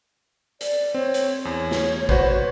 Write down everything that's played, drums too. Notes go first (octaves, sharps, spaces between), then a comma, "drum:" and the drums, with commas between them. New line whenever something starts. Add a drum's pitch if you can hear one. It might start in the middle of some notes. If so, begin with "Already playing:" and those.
D5, drum: hi-hat
C4 C#5
drum: hi-hat
E2 C#5
drum: snare
F#4 B4 C5, drum: kick A1